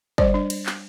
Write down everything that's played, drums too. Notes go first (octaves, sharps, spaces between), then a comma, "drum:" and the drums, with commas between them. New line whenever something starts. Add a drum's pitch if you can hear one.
G3 C5 D5, drum: kick
D4
drum: cymbal
drum: clap